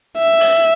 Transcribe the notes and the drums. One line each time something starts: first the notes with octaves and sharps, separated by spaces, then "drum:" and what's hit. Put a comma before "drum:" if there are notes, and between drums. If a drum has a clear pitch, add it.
E5
drum: open hi-hat